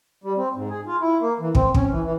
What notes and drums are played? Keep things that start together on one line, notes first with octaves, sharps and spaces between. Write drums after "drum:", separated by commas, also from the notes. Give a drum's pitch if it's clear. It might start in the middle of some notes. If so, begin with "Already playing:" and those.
G3
C4
G#2
G#4
F4
E4
A#3
E3
C4, drum: kick
C#4, drum: kick
E3
E3